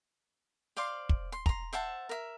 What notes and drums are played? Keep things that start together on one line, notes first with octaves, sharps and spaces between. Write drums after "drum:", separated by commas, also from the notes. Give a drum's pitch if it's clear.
C5 D5 F5 C6
drum: kick
C6
A#5 C6, drum: kick
C5 E5 F#5 A5
A#4 E5